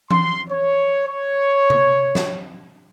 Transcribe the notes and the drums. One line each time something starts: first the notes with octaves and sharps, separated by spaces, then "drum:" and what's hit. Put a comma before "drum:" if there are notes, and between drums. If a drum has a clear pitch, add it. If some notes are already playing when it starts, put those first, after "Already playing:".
C6, drum: tom E3
C#5
C#5
drum: tom C3
drum: snare